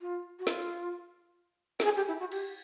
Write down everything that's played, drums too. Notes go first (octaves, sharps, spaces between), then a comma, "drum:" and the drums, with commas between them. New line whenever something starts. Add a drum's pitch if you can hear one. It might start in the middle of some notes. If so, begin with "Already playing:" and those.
F4
F#4
F4, drum: snare
A4, drum: snare
G#4
G4
E4
F#4
G4, drum: cymbal